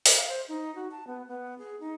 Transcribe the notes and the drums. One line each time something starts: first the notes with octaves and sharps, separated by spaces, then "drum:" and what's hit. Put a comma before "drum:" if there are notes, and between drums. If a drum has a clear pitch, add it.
drum: open hi-hat
F5
C5
D#4
F#4
A5
B3
B3
G#4
D#4